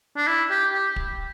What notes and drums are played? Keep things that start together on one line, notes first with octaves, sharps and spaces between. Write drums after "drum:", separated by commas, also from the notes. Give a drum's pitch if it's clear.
D4
E4
G4
G4
drum: kick